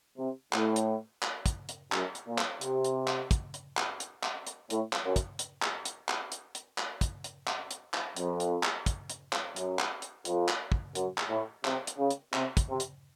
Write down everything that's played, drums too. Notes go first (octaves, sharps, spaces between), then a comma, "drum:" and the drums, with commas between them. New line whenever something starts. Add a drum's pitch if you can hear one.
C3
A2, drum: clap
drum: hi-hat
drum: clap
drum: kick, hi-hat
drum: hi-hat
F#2, drum: clap
drum: hi-hat
A#2
drum: clap
C3, drum: hi-hat
drum: hi-hat
drum: clap
drum: kick, hi-hat
drum: hi-hat
drum: clap
drum: hi-hat
drum: clap
drum: hi-hat
A2, drum: hi-hat
drum: clap
F#2
drum: kick, hi-hat
drum: hi-hat
drum: clap
drum: hi-hat
drum: clap
drum: hi-hat
drum: hi-hat
drum: clap
drum: kick, hi-hat
drum: hi-hat
drum: clap
drum: hi-hat
drum: clap
F2, drum: hi-hat
drum: hi-hat
drum: clap
drum: kick, hi-hat
drum: hi-hat
drum: clap
F#2, drum: hi-hat
drum: clap
drum: hi-hat
F2, drum: hi-hat
drum: clap
drum: kick
F#2, drum: hi-hat
drum: clap
A2
C3, drum: clap
drum: hi-hat
C#3
drum: hi-hat
C3, drum: clap
drum: kick, hi-hat
C3
drum: hi-hat